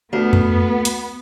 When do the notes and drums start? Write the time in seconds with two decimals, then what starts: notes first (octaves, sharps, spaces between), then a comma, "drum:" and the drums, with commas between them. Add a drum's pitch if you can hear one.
0.13 D2 B3
0.33 drum: tom F2
0.85 drum: hi-hat